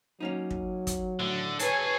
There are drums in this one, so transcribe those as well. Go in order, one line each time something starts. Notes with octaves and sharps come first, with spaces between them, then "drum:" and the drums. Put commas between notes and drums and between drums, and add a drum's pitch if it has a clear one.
F#3 A#3 C#4 D#4
drum: kick
drum: kick, hi-hat
A2 D3
G#4 B4 C#5 G#5 A5, drum: hi-hat